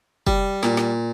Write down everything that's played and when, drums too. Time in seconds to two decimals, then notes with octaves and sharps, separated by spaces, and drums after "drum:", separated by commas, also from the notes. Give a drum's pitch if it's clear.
0.27 G3, drum: kick F1
0.63 A#2, drum: snare
0.77 drum: snare